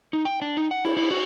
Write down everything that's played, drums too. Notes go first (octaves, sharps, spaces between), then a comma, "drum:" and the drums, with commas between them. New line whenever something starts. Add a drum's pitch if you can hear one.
D#4
G5
D4
D#4
F#5
E4, drum: cymbal
E4
F#4